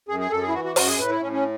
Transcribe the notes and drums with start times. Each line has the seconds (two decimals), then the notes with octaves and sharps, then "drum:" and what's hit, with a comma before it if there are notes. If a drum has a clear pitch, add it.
0.08 F#2 G#4
0.20 G#4
0.31 F#2 A4
0.42 G#4
0.48 E4
0.54 E3 F#4
0.64 F#4
0.76 F#2 F#4, drum: open hi-hat
0.87 G#4
0.98 A2 B4
1.09 E4
1.20 A2 C#4
1.32 C#4